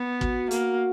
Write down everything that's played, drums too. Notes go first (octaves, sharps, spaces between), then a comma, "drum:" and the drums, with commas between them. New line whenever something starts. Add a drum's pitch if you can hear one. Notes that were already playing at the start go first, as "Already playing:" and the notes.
Already playing: B3
F#4, drum: kick
A#3, drum: hi-hat